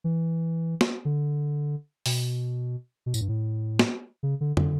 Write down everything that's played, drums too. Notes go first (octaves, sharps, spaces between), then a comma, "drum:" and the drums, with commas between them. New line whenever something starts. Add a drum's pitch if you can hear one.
E3
drum: snare
D3
B2, drum: open hi-hat
B2
A2, drum: tambourine
G2
A2
drum: snare
C#3
D3
D3, drum: tom